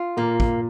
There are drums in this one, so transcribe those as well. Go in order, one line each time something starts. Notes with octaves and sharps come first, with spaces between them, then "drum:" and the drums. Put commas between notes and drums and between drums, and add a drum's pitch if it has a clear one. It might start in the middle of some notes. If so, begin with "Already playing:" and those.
Already playing: F4
A#2 A#3
A#2, drum: kick